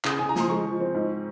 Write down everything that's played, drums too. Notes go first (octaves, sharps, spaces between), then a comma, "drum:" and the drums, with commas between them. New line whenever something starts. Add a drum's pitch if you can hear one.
C#3 D#6, drum: clap
C#3 G#5
A#5
F3 C6, drum: snare
G#3 C#6
F3
C4
G#2